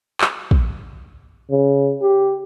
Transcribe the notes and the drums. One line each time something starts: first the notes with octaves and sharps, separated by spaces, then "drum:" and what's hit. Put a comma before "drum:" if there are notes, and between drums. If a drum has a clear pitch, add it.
drum: clap
drum: kick
C#3
G4